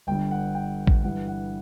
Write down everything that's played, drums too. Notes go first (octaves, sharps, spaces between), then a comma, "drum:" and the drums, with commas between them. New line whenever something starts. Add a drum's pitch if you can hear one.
G1 G2 D3 G3 G5
F#5
G5
drum: kick A1
G1 G2 E3 G3 F#5
F#5